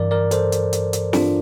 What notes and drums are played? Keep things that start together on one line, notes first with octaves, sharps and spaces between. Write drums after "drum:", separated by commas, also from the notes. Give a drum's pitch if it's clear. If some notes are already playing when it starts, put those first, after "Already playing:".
Already playing: G2 E3 A#4 D5
A#4 D5
A4 C5, drum: hi-hat
drum: hi-hat
drum: hi-hat
drum: hi-hat
D4 F4, drum: snare